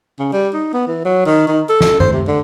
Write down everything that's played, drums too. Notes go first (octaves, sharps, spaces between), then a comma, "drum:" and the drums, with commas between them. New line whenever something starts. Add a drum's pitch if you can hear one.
C#3
G3
D#4
B3
E3
F#3
D#3
D#3
A4
drum: snare
C5, drum: tom F#2
C3
D3